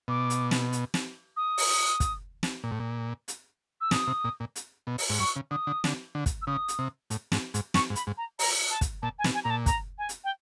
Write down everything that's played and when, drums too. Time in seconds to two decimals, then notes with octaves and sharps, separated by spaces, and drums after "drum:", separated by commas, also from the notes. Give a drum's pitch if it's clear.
0.08 B2 D6
0.30 drum: hi-hat
0.51 drum: snare
0.72 drum: hi-hat
0.94 drum: snare
1.37 D#6
1.58 drum: open hi-hat
2.00 drum: kick, hi-hat
2.43 drum: snare
2.64 A#2
2.72 A2
2.80 A#2
3.28 drum: hi-hat
3.81 E6
3.91 A#2 D#6, drum: snare
4.07 C3
4.24 A#2
4.40 A#2
4.56 drum: hi-hat
4.87 B2
4.98 drum: open hi-hat
5.10 G#2
5.19 G2 C#6
5.36 C#3
5.51 D3 D#6
5.67 D3
5.84 D3, drum: snare
6.15 D3
6.26 drum: kick, hi-hat
6.42 E6
6.47 C#3 D#6
6.68 drum: hi-hat
6.79 C3
7.10 A2, drum: hi-hat
7.32 G#2, drum: snare
7.54 G#2, drum: hi-hat
7.74 G2 C#6, drum: snare
7.90 G#2
7.95 B5, drum: hi-hat
8.07 G#2
8.17 A#5
8.39 A#5, drum: open hi-hat
8.70 A5
8.81 drum: kick, hi-hat
9.02 A#2 A5
9.19 G#5
9.24 B2, drum: snare
9.34 G#5
9.44 A#2 A#5
9.50 A5
9.66 A#5, drum: kick, hi-hat
9.98 G#5
10.09 drum: hi-hat
10.24 G5